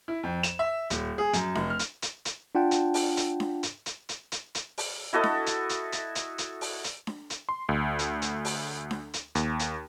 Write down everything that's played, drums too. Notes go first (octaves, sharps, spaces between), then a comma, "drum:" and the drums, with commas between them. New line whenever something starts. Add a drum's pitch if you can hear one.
E4
F2
E7, drum: hi-hat
E5
D#1, drum: hi-hat
G#4
F#2, drum: hi-hat
F1, drum: snare D4
F6
drum: hi-hat
drum: hi-hat
drum: hi-hat
D4 F4 F#5 G5 A5
drum: hi-hat
drum: open hi-hat
drum: hi-hat
drum: snare D4
drum: hi-hat
drum: hi-hat
drum: hi-hat
drum: hi-hat
drum: hi-hat
drum: open hi-hat
E4 F#4 A4 D#5
drum: snare D4
drum: hi-hat
drum: hi-hat
drum: hi-hat
drum: hi-hat
drum: hi-hat
drum: open hi-hat
drum: hi-hat
drum: snare D4
drum: hi-hat
C6
D2
drum: hi-hat
drum: hi-hat
drum: open hi-hat
drum: snare D4
drum: hi-hat
D#2, drum: hi-hat
drum: hi-hat